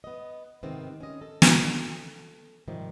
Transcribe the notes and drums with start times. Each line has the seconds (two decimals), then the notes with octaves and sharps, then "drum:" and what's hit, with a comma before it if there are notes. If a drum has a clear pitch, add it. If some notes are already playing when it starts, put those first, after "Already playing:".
0.04 B3 D#5
0.63 G#2 C3 D#3 B3 C4
1.00 C#4 D#5
1.21 A4
1.42 drum: snare
2.67 G#2 C3 D#3 F3 G3